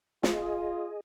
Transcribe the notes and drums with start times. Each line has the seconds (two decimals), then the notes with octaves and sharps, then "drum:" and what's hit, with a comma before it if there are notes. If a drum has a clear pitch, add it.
0.23 F4 G#4 D#5, drum: snare